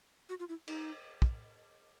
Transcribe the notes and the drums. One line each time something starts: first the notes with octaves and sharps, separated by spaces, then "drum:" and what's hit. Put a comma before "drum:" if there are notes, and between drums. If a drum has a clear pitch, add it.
F#4
F4
E4
D#4, drum: cymbal
drum: kick